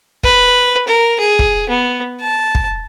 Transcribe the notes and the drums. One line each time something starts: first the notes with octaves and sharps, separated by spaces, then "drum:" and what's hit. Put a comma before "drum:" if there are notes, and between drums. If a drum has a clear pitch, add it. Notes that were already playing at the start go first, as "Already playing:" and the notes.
B4, drum: kick
A#4
G#4
drum: kick
B3
A5
drum: kick